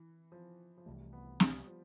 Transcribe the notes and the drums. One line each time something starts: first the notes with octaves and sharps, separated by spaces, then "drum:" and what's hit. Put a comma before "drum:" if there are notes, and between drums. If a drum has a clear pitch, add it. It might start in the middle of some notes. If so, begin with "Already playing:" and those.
Already playing: E3
F3
F3
C2 C3 E3 G3 A3
B3
G3, drum: snare
F3